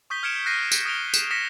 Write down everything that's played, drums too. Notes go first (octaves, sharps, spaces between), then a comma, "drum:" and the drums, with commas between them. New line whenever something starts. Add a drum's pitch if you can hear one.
C#6 D#6 G6 B6 G7
F6 G#6 C#7 D7 E7
F#6 G6 A#6 C7 D#7
drum: tambourine
D#6 A#6 D7 F7 G7
E7, drum: tambourine
D#6 A#6 B6 C#7 E7